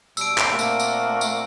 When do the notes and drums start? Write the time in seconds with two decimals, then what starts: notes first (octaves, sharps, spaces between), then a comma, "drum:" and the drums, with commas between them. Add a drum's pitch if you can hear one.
0.17 B2 G3 E6 D7, drum: tambourine
0.38 drum: clap
0.48 A#2 A3 A#3 C4 D4 F#5
0.59 drum: tambourine
0.80 drum: tambourine
1.21 drum: tambourine